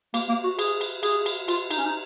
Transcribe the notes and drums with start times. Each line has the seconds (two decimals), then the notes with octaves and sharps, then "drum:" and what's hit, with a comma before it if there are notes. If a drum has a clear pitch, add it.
0.14 A#3, drum: cymbal
0.29 A#3
0.44 F#4
0.59 G#4, drum: cymbal
0.81 drum: cymbal
1.03 G#4, drum: cymbal
1.26 drum: cymbal
1.48 F4, drum: cymbal
1.71 D#4, drum: cymbal
1.79 C#4
1.86 D#4